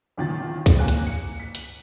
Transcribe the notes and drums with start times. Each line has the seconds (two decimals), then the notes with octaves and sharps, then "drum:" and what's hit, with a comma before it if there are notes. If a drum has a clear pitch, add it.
0.17 E2 A#2 D#3 F#3 A6
0.66 drum: kick C2, hi-hat
0.79 A#3 G#5 F#6
0.88 drum: hi-hat
1.07 C#7
1.40 B6
1.55 F#7, drum: hi-hat